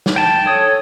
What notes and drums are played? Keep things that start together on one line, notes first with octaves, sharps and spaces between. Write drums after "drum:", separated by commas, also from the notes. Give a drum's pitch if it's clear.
drum: snare
G5 A5
A4 C#5 D#6